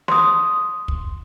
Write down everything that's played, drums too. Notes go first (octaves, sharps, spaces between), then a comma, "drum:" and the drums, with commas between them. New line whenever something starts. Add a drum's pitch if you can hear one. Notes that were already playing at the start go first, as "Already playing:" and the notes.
C6 D#6, drum: snare
drum: kick